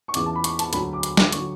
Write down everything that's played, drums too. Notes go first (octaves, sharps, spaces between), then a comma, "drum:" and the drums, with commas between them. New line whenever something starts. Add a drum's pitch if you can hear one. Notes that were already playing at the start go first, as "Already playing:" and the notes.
C#6
E2 C#3 E3 D6, drum: hi-hat
A5
B5
C#6, drum: hi-hat
A5, drum: hi-hat
D2 D3 F#3 B5, drum: hi-hat
D6
D6, drum: hi-hat
D6, drum: snare
D3 F#3 C#6, drum: hi-hat